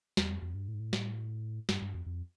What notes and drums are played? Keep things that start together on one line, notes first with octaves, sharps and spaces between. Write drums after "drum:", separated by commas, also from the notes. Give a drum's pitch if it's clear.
E2, drum: snare
F2
F2
G2
A2
G#2
A2
drum: snare
G2, drum: snare
G2
F2
F2